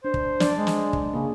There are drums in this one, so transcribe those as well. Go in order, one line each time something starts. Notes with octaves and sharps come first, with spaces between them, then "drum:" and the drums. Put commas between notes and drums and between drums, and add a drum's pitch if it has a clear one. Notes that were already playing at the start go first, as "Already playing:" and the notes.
D4 C5
drum: kick
D4 D5, drum: snare
G#3
drum: snare
drum: kick
C#3 A#3 G#4